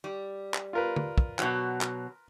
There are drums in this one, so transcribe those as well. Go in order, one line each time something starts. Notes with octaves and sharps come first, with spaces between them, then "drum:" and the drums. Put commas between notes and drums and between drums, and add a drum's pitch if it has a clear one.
G3
drum: clap
F4 A#4 B4
drum: tom D3
drum: kick
B2 F#3, drum: clap
drum: clap